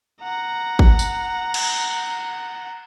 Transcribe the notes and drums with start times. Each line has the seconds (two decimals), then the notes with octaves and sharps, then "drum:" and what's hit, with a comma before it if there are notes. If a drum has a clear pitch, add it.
0.22 F#5 A#5
0.79 drum: kick
0.99 drum: tambourine
1.54 drum: cymbal